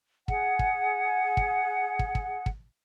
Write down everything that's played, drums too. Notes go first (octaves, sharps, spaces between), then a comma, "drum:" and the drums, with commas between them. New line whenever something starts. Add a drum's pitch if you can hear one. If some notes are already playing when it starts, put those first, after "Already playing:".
G#4 F#5, drum: kick
drum: kick
drum: kick
drum: kick
drum: kick
drum: kick